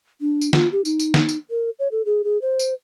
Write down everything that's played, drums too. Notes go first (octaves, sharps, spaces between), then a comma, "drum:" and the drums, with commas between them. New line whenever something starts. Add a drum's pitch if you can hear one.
D4
drum: tambourine
F4, drum: snare
G4
D#4, drum: tambourine
drum: tambourine
drum: snare
drum: tambourine
A#4
C#5
A4
G#4
G#4
C5
drum: tambourine